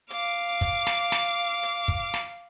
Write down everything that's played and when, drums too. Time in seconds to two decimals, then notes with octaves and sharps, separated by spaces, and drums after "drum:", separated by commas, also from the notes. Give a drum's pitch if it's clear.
0.10 F5 D6, drum: hi-hat
0.61 drum: kick, hi-hat
0.87 drum: snare
1.12 drum: snare
1.63 drum: hi-hat
1.88 drum: kick
2.14 drum: snare